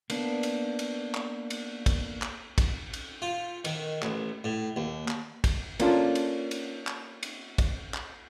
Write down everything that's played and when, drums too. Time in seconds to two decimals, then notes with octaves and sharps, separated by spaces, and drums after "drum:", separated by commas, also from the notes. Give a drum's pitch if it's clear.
0.10 A#3 B3 D4, drum: cymbal
0.43 drum: cymbal
0.79 drum: cymbal
1.15 drum: clap
1.50 drum: cymbal
1.86 drum: kick, cymbal
2.22 drum: clap
2.58 drum: kick, cymbal
2.93 drum: cymbal
3.22 F4
3.65 D#3, drum: cymbal
4.03 A1, drum: clap
4.44 A2
4.76 D#2
5.08 drum: clap
5.44 drum: kick, cymbal
5.80 A#3 C#4 D4 F4 A4, drum: cymbal
6.15 drum: cymbal
6.51 drum: cymbal
6.87 drum: clap
7.23 drum: cymbal
7.58 drum: kick, cymbal
7.94 drum: clap